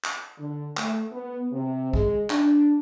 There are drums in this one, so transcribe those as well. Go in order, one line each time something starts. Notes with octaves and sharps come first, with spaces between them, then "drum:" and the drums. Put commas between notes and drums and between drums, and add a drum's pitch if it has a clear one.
drum: clap
D3
A3, drum: clap
B3
C3
G#3, drum: kick
D4, drum: clap